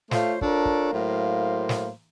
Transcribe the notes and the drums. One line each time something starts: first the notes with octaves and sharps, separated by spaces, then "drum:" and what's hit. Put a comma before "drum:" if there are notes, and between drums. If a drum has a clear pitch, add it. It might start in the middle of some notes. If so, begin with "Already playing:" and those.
A3 F4 C5 C#5 F5, drum: snare
D4 F4 A4 A#4 C#5, drum: kick
drum: kick
A2 F#3 A#3 C5 F5
drum: snare